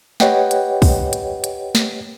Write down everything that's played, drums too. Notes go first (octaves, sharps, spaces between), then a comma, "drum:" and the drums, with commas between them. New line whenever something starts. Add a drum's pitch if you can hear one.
G4 B4 C#5 D#5 F#5 G5, drum: snare
drum: hi-hat
drum: kick, open hi-hat
drum: hi-hat
drum: hi-hat
drum: snare